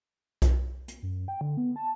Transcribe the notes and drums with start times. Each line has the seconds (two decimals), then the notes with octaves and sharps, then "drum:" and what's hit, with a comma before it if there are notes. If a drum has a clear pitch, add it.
0.42 drum: kick B1, hi-hat
0.88 drum: hi-hat
1.03 F#2
1.28 G5
1.41 D3
1.57 B3
1.76 A5